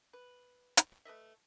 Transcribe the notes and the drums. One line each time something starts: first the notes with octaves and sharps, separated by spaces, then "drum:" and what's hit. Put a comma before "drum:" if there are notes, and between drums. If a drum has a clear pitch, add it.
B4
drum: hi-hat
A3 B4 D#5 E5